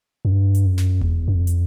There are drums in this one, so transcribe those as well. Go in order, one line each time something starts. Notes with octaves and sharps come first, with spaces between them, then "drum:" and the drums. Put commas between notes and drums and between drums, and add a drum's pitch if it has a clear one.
F#2
G2
drum: hi-hat
F#2
drum: snare
E2, drum: kick E1
F#2
F2
drum: hi-hat